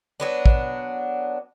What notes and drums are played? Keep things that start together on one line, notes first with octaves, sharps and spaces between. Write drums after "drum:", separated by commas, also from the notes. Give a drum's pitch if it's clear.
F#3 B3 D4
drum: kick